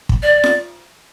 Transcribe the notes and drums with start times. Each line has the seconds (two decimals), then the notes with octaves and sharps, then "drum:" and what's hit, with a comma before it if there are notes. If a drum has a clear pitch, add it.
0.09 drum: kick
0.22 D5
0.44 drum: snare